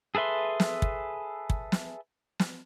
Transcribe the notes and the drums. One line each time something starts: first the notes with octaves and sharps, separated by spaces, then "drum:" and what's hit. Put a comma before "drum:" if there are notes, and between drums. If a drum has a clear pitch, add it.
G#4 A4 B4 E5 C6
drum: snare
drum: kick
drum: kick
drum: snare
drum: snare